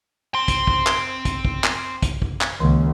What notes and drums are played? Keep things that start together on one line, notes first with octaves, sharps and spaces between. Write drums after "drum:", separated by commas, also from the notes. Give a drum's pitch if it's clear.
C4 C6
drum: kick, hi-hat
drum: kick
drum: clap
drum: kick, hi-hat
drum: kick
drum: clap
drum: kick, hi-hat
drum: kick
drum: clap
C#2 D#3 A#3